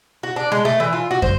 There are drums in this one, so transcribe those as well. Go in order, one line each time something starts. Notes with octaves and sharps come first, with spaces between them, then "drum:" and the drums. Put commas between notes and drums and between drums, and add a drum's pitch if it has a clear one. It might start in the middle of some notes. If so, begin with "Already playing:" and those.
F#4
D4
G#3
A3
E3
F4
F#4
C5, drum: kick